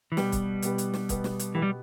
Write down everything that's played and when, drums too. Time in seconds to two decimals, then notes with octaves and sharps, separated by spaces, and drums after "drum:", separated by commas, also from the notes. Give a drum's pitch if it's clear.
0.12 E3
0.17 B2 G3 B3 G4 B4, drum: snare
0.32 drum: kick C#1, hi-hat
0.62 B2 B3 G4 B4, drum: hi-hat
0.78 drum: hi-hat
0.94 drum: snare
1.09 B2 B3 G4 B4, drum: kick C#1, hi-hat
1.24 drum: snare
1.39 drum: hi-hat
1.55 B2 E3 B3 G4 B4
1.62 G3